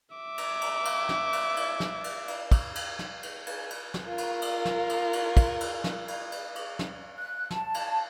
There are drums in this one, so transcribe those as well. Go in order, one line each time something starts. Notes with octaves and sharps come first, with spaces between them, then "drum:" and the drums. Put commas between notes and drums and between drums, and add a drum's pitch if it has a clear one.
E5 D6
drum: cymbal
drum: cymbal
drum: cymbal
drum: snare
drum: cymbal
drum: cymbal
drum: snare
drum: cymbal
drum: cymbal
drum: kick, cymbal
drum: cymbal
drum: snare
drum: cymbal
drum: cymbal
drum: cymbal
drum: snare
F4 A#4
drum: cymbal
drum: cymbal
drum: snare
drum: cymbal
drum: cymbal
drum: kick, cymbal
drum: cymbal
drum: snare
drum: cymbal
drum: cymbal
drum: cymbal
drum: snare
F#6
A5, drum: snare
drum: cymbal